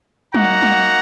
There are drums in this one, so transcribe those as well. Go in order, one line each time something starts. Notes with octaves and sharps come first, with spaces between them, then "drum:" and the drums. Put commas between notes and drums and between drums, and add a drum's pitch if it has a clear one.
A#3 D#4 F#4 F#5 A#5, drum: tom
drum: tom